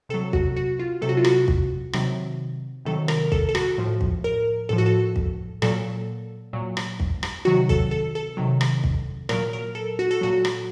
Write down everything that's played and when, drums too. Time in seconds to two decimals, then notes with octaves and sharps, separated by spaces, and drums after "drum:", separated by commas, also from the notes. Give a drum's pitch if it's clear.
0.09 C3 F#3 A4
0.33 F#4, drum: kick
0.56 F#4
0.79 F4
1.02 C3 F#3 A4
1.09 F#4
1.17 F4
1.24 F#4, drum: rim click
1.48 drum: kick
1.93 C3 D#3 F#3, drum: rim click
2.85 C3 D#3 F#3 A4
3.08 A#4, drum: rim click
3.32 A4, drum: kick
3.49 A4
3.55 F#4, drum: rim click
3.78 A2 F3
4.01 drum: kick
4.24 A#4
4.69 A2 F3 A4
4.78 F#4
4.86 A4
5.16 drum: kick
5.62 A#2 F#3 A4, drum: rim click
6.53 A#2 F#3
6.77 drum: rim click
7.00 drum: kick
7.23 drum: rim click
7.45 C3 D#3 F#3 F#4
7.69 A4, drum: kick
7.91 A4
8.15 A4
8.37 C3 D#3 F#3
8.61 drum: rim click
8.84 drum: kick
9.29 A#2 F#3 A#4, drum: rim click
9.53 A#4
9.75 A4
9.99 F#4
10.11 A4
10.21 A#2 F#3 F#4
10.45 drum: rim click